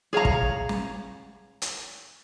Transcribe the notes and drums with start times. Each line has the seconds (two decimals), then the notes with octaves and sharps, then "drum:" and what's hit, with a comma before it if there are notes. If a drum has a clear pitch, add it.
0.13 G#4 C#5 F5 A#5
0.25 drum: kick
0.69 drum: snare
1.62 drum: hi-hat